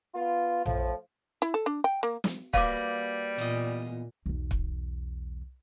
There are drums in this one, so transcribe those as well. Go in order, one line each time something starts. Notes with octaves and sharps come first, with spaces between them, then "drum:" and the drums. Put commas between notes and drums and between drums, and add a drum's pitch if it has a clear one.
B3 F4
A2 F3, drum: tom A#1
E4
A4
D4
G5
A#3
drum: snare
G3 A#3 F#4 B4 F5 D6, drum: kick
E2 A#2 D#5, drum: hi-hat
B1 E2
drum: kick